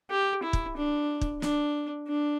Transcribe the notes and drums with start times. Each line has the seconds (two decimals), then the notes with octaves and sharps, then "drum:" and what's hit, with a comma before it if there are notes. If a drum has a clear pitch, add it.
0.10 G4
0.43 E4
0.53 drum: kick
0.77 D4
1.21 drum: kick
1.42 D4, drum: snare
2.08 D4